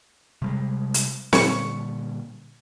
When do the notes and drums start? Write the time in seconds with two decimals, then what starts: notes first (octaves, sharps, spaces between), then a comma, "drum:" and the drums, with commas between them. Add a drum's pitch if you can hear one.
0.42 C3 G3 G#3
0.94 drum: hi-hat
1.33 A#2 D3 G3 C#5 C#6, drum: snare